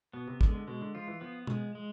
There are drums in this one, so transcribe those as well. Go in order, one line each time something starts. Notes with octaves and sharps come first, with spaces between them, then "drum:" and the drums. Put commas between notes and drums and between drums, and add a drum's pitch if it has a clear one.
B2 B3
C3
D3 G#3, drum: kick
D3
B2 G#3
D3
F3 F4
E3
F3 B3
G#3, drum: tom B2
G#3